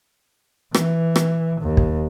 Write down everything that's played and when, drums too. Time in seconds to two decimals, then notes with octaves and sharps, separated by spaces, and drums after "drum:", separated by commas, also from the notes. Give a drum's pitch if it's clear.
0.74 E3, drum: rim click
1.16 drum: rim click
1.61 D#2
1.77 drum: kick